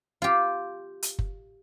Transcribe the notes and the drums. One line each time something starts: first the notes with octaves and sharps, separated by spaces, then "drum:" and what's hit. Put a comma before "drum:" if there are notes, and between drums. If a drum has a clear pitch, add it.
F4 G4
drum: hi-hat
drum: kick F#1